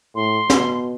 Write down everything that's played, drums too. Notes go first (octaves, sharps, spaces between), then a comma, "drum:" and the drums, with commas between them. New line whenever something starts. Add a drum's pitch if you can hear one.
A2 C6
B2, drum: snare